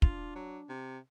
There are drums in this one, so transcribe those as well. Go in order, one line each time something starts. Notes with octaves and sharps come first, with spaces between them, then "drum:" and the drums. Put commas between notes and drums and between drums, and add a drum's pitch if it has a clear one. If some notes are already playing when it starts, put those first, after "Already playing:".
D4 F4, drum: kick
F#3
C3